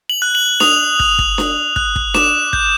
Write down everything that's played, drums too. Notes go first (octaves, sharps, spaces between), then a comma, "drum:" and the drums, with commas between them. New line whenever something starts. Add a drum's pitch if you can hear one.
F#7
F#6
F#7
D#6 F7, drum: snare D4
F#6, drum: kick
drum: kick
D#6, drum: snare D4
F#6, drum: kick
drum: kick
D6 E7, drum: snare D4
G6, drum: kick